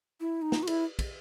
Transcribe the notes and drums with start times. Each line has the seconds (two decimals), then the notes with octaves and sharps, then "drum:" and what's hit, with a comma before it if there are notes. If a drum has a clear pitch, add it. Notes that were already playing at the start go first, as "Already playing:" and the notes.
0.20 E4
0.42 D#4
0.52 drum: snare
0.63 F#4
0.67 E4, drum: cymbal
0.99 drum: kick, cymbal